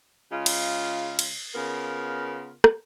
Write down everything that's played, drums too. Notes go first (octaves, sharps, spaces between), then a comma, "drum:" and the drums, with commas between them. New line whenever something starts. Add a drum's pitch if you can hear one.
C#3 G#3 F4
drum: cymbal
drum: cymbal
C#3 B3 F4 A#4
drum: rim click